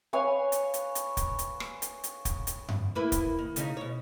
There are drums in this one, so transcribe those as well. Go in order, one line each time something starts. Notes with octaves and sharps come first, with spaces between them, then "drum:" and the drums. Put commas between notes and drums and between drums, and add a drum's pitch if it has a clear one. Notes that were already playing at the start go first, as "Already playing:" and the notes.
B4 C#5 F5 G#5
drum: hi-hat
drum: hi-hat
drum: hi-hat
drum: kick, hi-hat
drum: hi-hat
drum: rim click
drum: hi-hat
drum: hi-hat
drum: kick, hi-hat
drum: hi-hat
drum: tom F#2
A#3 E4 B4
drum: kick, hi-hat
D#3
C#3 C#4 D#4, drum: hi-hat
B2 C#5